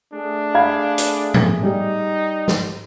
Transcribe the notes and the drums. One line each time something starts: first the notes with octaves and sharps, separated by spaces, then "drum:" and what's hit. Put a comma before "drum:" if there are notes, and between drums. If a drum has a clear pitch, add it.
A3 D4 G#4
F5 B5 G#6
drum: hi-hat
drum: tom
G3 D#4
drum: snare